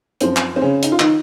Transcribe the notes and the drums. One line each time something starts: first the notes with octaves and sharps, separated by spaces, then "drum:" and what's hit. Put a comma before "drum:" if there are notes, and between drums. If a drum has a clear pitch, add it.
F#2 F3 C4, drum: hi-hat
drum: clap
C4
C#3 C#4
D#4, drum: hi-hat
F4
D#3 D#4, drum: clap